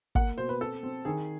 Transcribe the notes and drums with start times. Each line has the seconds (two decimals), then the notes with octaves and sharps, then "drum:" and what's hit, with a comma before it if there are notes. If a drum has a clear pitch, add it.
0.15 A#3 F#5, drum: kick
0.38 B2 C5
0.49 B4
0.61 C4 A4
0.83 C4
1.05 D#3 G#4